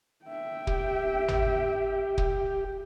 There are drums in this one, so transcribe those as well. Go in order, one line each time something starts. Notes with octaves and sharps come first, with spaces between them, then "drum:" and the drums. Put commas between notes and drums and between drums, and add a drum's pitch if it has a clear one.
E5 G5
G4, drum: kick
drum: tom
drum: kick